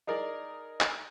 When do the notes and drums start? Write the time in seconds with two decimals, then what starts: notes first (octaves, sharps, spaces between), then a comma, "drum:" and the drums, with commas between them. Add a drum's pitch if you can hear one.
0.07 D#4 G#4 A#4 D5
0.81 drum: clap